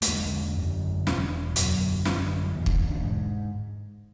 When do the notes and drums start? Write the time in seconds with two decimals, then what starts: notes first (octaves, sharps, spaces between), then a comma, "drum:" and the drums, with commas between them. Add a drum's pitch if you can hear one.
0.02 A3, drum: hi-hat
0.08 E2 D3 G#3
0.57 F#2 D3
1.07 E2 B2, drum: snare
1.56 F#2 D3 F#3, drum: hi-hat
2.06 F#2 D3, drum: snare
2.55 E2 B2 E3
2.66 D3, drum: kick
2.90 D3
3.04 G#2